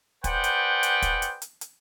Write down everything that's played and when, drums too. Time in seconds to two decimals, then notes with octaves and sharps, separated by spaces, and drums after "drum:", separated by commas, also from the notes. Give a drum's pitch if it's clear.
0.24 G#4 B4 C5 D5 F#5 G5, drum: kick, hi-hat
0.44 drum: hi-hat
0.83 drum: hi-hat
1.02 drum: kick, hi-hat
1.22 drum: hi-hat
1.42 drum: hi-hat
1.61 drum: hi-hat